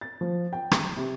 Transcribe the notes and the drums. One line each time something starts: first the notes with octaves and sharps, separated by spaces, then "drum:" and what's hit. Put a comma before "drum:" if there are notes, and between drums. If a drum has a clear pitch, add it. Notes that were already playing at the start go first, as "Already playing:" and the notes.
A6
F3
G5
drum: rim click
C3